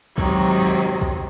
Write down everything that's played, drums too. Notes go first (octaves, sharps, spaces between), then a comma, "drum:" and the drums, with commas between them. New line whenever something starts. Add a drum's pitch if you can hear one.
G#2 C3 D#3 F#3, drum: kick
drum: kick